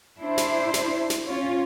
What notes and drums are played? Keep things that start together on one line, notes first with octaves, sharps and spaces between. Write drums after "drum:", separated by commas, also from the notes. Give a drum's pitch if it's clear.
D4 E4 C5
drum: snare
drum: snare
drum: snare
C#4 F4 C#5